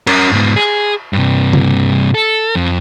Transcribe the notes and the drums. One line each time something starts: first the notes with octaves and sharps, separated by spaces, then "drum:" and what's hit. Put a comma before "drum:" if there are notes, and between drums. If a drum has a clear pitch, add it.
C#4 A#4, drum: cymbal
G#2 B3
G#4
G2 C3
drum: tom C#3
A4
F2